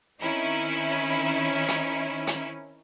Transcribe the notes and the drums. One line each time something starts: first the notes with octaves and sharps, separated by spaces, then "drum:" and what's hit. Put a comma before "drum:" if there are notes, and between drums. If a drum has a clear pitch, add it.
D#3 C4 C#4 D#4 E4
drum: hi-hat
drum: hi-hat